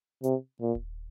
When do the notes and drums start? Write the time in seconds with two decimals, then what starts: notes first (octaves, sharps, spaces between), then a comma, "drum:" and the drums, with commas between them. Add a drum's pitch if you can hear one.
0.24 C3, drum: hi-hat
0.61 A#2
0.75 drum: kick D#1